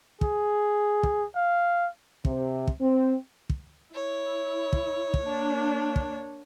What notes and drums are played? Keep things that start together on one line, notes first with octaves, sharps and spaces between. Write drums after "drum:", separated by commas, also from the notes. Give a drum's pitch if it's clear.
G#4, drum: kick
drum: kick
F5
C3, drum: kick
drum: kick
C4
drum: kick
E4 C#5
drum: kick
drum: kick
A#3 D4
drum: kick